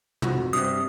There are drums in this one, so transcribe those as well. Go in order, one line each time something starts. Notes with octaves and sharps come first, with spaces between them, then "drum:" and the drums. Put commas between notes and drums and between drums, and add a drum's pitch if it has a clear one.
F2 F#4, drum: tom
G2 C3 D#6